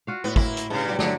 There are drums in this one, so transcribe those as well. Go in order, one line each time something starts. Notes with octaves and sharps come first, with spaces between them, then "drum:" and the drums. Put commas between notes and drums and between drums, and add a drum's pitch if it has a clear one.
F4 F#4 F5
A2 B3
A#3 E4, drum: kick
drum: hi-hat
G2 C#3 A4 F5
F#3 G3
G2 D3 F#3 A3, drum: snare